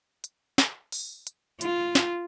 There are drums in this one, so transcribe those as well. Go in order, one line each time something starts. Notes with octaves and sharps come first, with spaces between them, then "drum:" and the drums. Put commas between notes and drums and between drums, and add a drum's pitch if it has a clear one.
drum: hi-hat
drum: snare
drum: open hi-hat
drum: hi-hat
F4, drum: hi-hat
drum: snare